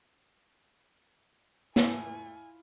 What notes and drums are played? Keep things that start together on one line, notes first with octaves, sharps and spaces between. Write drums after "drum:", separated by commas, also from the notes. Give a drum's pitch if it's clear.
A3 E4 F4 G#5, drum: snare